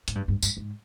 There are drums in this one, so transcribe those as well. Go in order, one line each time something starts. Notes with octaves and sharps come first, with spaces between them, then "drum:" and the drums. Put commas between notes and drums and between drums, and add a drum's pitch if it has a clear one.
G#2, drum: hi-hat
G2
G2
G2, drum: tambourine
G#2